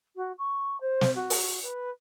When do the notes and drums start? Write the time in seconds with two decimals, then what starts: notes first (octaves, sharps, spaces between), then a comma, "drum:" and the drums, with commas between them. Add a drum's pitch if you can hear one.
0.16 F#4
0.38 C#6
0.80 C5
1.01 drum: snare
1.15 F#4
1.30 drum: open hi-hat
1.62 B4